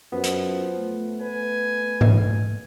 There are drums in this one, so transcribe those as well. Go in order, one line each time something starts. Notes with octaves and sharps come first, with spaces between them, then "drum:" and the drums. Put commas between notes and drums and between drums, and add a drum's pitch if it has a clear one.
F#2 F3 B3
drum: hi-hat
A3
B4 G#5
drum: tom G#2